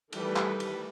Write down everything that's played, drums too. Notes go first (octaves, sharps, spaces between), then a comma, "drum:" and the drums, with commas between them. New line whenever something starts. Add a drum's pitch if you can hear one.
D#3 E3 G3 A3 A4 B4, drum: cymbal
drum: clap
drum: cymbal